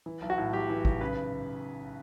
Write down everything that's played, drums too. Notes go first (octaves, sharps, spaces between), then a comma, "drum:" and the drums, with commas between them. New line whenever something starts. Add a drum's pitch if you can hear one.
E3
B1
F#4
A2
B1 G4
E3
B1, drum: kick
C#3 B4